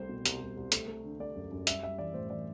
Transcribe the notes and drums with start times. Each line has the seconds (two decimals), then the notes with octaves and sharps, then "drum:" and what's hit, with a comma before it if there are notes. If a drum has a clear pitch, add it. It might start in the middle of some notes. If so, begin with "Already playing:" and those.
Already playing: C2 G3 A3 C5
0.09 B2
0.25 C2, drum: hi-hat
0.41 C2
0.57 C2
0.72 A3, drum: hi-hat
0.88 A3
1.04 D3
1.20 A3 D5
1.35 F#2
1.51 F#2
1.67 G3 E5, drum: hi-hat
1.83 G3 E5
1.98 E3 D5
2.14 A2 C5
2.30 E3 D5